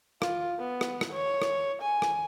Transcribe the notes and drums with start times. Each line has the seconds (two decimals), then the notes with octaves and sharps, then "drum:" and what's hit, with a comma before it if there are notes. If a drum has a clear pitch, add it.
0.22 F4, drum: rim click
0.59 B3
0.81 drum: rim click
1.01 drum: rim click
1.12 C#5
1.42 drum: rim click
1.82 G#5
2.02 drum: rim click